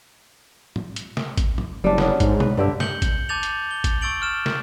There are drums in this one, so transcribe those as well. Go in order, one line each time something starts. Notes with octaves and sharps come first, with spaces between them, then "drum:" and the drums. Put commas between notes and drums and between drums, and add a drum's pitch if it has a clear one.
drum: tom
drum: hi-hat
drum: snare
drum: kick G#1, hi-hat
drum: tom
F#1 G3 D4
B3 C#4 D4, drum: snare
G#2, drum: kick G#1, hi-hat
B4, drum: tom B2
G2 D3 G4 E5
G6 C#7 F#7 G7, drum: snare
drum: kick G#1, hi-hat
A5 D6 G6 A6 F7 F#7
drum: hi-hat
G7
drum: kick G#1, hi-hat
C#6 E6 A6 D7 F#7
E6 F6 E7
drum: snare